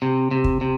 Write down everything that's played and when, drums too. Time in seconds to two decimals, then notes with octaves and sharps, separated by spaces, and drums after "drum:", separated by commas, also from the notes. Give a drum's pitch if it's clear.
0.02 C3
0.31 C3
0.44 drum: kick
0.61 C3